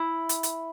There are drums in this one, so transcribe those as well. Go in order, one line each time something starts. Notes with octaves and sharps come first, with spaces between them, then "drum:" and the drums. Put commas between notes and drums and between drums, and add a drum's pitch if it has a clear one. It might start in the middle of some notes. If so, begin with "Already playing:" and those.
Already playing: E4
drum: hi-hat
drum: hi-hat